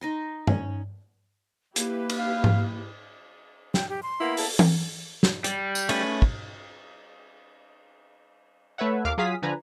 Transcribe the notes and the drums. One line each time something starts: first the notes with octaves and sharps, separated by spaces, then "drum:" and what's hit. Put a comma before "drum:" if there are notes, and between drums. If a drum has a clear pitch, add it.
D#4 D#5 C6
C#4, drum: tom G2
A#3 E4 G4 B4, drum: hi-hat
drum: cymbal
F5
drum: tom G#2
G5, drum: snare
G4
C6
A#3 B3 E4
A5, drum: open hi-hat
drum: tom E3
drum: snare
G3, drum: hi-hat
drum: tambourine
A3 C#4 B4, drum: cymbal
drum: kick
A3 B4 C#5 E5 F#5
D#2 F5 D6 F6
F#3 F4 G#4 F5 D#6 B6
D3 F3 B4 G#5 A#5